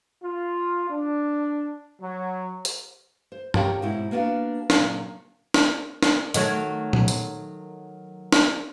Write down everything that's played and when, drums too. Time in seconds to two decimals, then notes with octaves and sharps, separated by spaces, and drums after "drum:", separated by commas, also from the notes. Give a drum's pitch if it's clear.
0.23 F4
0.90 D4
2.01 F#3
2.65 drum: hi-hat
3.32 C5
3.54 F#4 G4 A#4 C#5 F5 G5, drum: tom G2
3.82 G#2 B2 C4 E4 F#4
4.11 A#3 B3 D4 F#4 F5
4.70 A#2 C#3 F#3, drum: snare
5.54 drum: snare
6.03 drum: snare
6.34 D#3 F#3 A3, drum: hi-hat
6.93 drum: tom
7.08 drum: hi-hat
8.33 drum: snare